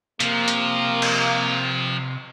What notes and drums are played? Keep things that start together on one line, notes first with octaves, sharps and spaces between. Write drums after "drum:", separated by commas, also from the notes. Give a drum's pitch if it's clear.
C3 F3 A#3, drum: hi-hat
drum: hi-hat
drum: cymbal